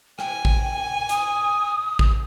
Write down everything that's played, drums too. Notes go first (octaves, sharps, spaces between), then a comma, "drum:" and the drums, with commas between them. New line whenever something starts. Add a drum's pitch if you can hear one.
G5 G#5, drum: rim click
drum: kick A1
D#6, drum: hi-hat
drum: kick A1